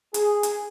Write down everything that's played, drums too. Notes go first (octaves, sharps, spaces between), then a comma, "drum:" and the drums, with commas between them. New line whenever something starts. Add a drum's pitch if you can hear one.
G#4, drum: hi-hat
drum: hi-hat